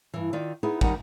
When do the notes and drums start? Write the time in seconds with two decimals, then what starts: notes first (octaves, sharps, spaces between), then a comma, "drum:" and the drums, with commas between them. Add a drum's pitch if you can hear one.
0.14 G2 E3
0.33 D#3 F4 D5
0.63 B3 D#4 E4 G#4
0.81 D#3 G3 D#4 F#5 G#5, drum: kick